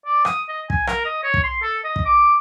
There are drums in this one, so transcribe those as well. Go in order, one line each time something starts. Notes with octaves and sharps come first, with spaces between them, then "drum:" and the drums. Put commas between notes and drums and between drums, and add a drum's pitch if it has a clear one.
D5
D#6, drum: rim click
D#5
G#5, drum: kick
A#4, drum: rim click
D#5
C#5
drum: kick
C6
A4
D#5
drum: kick
D6